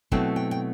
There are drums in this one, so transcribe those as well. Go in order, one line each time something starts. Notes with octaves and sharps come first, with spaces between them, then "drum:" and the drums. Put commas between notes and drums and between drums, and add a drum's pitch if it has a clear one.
B2 F#3 A3 C4 E4 G5, drum: kick
G5
G5